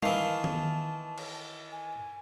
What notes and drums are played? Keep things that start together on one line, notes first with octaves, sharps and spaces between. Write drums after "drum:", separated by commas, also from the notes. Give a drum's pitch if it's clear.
D#3 E3 F5 A5, drum: tom G3
drum: tom D#3
drum: cymbal
G#5